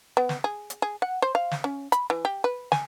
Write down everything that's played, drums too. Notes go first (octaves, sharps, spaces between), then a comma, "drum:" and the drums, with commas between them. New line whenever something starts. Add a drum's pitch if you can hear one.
B3
drum: snare
G#4
drum: hi-hat
G#4
F#5
C5
F5
drum: snare
C#4
B5, drum: hi-hat
E3
G4
B4
G#5, drum: snare